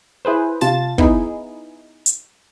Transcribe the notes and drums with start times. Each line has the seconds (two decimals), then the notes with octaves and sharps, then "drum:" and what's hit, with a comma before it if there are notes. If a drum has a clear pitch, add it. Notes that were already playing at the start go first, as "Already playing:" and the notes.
0.25 E4 G#4 B4 C5
0.61 C3 F4 A5 A6, drum: snare
0.98 B3 D#4 E4 G#4, drum: kick
2.06 drum: hi-hat